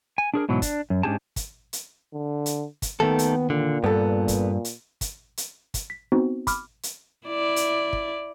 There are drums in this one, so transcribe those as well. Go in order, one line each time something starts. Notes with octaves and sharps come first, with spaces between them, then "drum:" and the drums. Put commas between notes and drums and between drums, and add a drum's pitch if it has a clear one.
G#5
D4 G#4 A#4
G#2 B2 E3 F#3
D4, drum: kick, hi-hat
F#2
G#2 C#4 D4 G4 G#4 A5
drum: kick, hi-hat
drum: hi-hat
D3
drum: hi-hat
drum: kick, hi-hat
D#2 D#3 A3 B3 A4
drum: hi-hat
A#2 D3
G2 B3 A4
drum: kick, hi-hat
drum: hi-hat
drum: kick, hi-hat
drum: hi-hat
drum: kick, hi-hat
B6
B3 C4 D#4 F#4 C5
B5 D6 F6, drum: kick, hi-hat
drum: hi-hat
E4 D5
drum: hi-hat
drum: kick